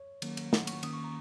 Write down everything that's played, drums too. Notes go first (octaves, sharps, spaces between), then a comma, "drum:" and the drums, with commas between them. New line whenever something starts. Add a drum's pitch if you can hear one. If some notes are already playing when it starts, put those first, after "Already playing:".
Already playing: C#5
D#3 F#3 A#3 C#4, drum: cymbal
drum: cymbal
F#5, drum: snare
C#6, drum: cymbal
D#3 A#3 C#4 D#6, drum: cymbal
C#6
A#5